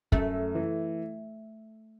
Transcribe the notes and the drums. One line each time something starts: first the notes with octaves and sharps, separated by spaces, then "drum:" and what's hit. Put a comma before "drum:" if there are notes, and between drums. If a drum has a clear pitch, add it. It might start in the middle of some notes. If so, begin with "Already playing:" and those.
F#2 A3, drum: kick
E3